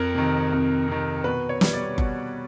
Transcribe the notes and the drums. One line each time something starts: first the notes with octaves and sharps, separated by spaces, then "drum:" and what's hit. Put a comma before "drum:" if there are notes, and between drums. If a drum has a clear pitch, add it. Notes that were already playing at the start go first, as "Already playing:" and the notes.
Already playing: F2 A#4
C3 D#3
F2
C3 D#3
B2 B4
C#5
G3, drum: snare
D5
B2, drum: kick F#1